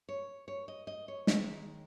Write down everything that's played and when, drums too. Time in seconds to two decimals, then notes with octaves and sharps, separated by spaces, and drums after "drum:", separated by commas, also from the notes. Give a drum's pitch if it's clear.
0.09 C#5
0.48 C#5
0.68 D#5
0.87 D#5
1.08 C#5
1.27 D#2 D#3 G#3, drum: snare